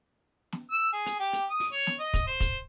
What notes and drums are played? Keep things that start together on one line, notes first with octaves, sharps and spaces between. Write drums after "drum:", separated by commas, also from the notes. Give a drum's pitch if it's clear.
drum: snare
E6
G#4
drum: hi-hat
G4
drum: hi-hat
D#6
drum: open hi-hat
C#5
drum: snare
D#5
drum: kick, hi-hat
C5
drum: kick, hi-hat